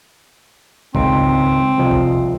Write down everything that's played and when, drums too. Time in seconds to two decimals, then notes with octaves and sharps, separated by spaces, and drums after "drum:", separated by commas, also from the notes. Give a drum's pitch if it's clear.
0.95 G#1 C#2 C4 D#4, drum: kick
1.78 C2 F3 D#5
1.91 drum: kick